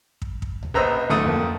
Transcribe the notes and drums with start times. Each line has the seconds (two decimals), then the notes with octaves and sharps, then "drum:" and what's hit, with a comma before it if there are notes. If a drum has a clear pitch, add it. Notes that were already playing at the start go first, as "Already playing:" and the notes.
0.22 drum: kick
0.42 drum: kick
0.63 drum: tom C#2
0.74 A#1 B4 C5 D#5 A#5 E6
1.09 D1 D3 A3 D#6
1.24 F2 A#3